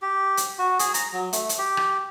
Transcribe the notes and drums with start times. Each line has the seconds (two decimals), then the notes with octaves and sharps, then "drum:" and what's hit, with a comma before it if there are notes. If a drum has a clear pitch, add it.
0.02 G4
0.37 drum: hi-hat
0.59 F#4
0.79 G#4, drum: hi-hat
0.94 A#5, drum: hi-hat
1.13 F#3
1.33 A3, drum: hi-hat
1.49 drum: hi-hat
1.58 G4
1.77 drum: rim click